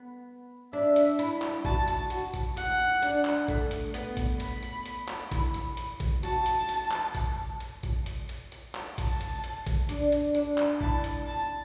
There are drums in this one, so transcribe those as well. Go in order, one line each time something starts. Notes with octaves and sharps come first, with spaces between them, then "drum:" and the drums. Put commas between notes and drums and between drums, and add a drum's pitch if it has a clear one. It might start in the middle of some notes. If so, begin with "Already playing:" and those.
Already playing: B3
D4 E5
drum: hi-hat
E4, drum: hi-hat
drum: clap
F#4 A5, drum: kick A1
drum: hi-hat
F#4, drum: hi-hat
drum: kick A1, hi-hat
F#5, drum: hi-hat
D4, drum: hi-hat
drum: clap
A3, drum: kick A1, hi-hat
drum: hi-hat
B3, drum: hi-hat
drum: kick A1, hi-hat
B5, drum: hi-hat
drum: hi-hat
drum: hi-hat
drum: clap
E4, drum: kick A1, hi-hat
drum: hi-hat
drum: hi-hat
drum: kick A1, hi-hat
F#4 A5, drum: hi-hat
drum: hi-hat
drum: hi-hat
drum: clap
drum: kick A1, hi-hat
drum: hi-hat
drum: kick A1, hi-hat
drum: hi-hat
drum: hi-hat
drum: hi-hat
drum: clap
A5, drum: kick A1, hi-hat
drum: hi-hat
drum: hi-hat
drum: kick A1, hi-hat
D4, drum: hi-hat
drum: hi-hat
D4, drum: hi-hat
drum: clap
E4 A5, drum: kick A1
drum: hi-hat
A5